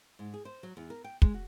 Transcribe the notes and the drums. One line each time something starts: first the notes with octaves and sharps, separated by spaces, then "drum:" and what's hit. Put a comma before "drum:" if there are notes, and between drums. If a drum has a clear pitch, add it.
G#2
G#4
C5
F#3
E2
A#4
G5
G#3, drum: kick
F#4